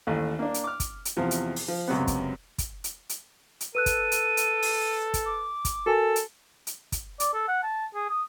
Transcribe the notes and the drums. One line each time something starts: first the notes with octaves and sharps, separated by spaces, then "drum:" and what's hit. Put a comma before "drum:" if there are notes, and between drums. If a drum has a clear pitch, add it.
A1 D#2 A3
A#3 D4
drum: hi-hat
D6 F6
drum: kick, hi-hat
drum: hi-hat
E2 C3 F3
drum: hi-hat
drum: open hi-hat
F3
C#2 F#2 C3 B3
drum: kick, hi-hat
drum: kick, hi-hat
drum: hi-hat
drum: hi-hat
drum: hi-hat
A4 B4 E6 F#6 D#7
drum: kick, hi-hat
drum: hi-hat
drum: hi-hat
drum: open hi-hat
drum: kick, hi-hat
D6
drum: kick, hi-hat
F#4 A4 A#4 G#5
drum: hi-hat
drum: hi-hat
drum: kick, hi-hat
D5, drum: hi-hat
A4
F#5
A5
G#4
D#6